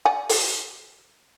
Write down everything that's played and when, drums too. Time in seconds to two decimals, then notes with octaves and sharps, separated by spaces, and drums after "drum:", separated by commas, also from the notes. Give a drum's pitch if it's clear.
0.05 D5 F#5 G#5
0.29 drum: open hi-hat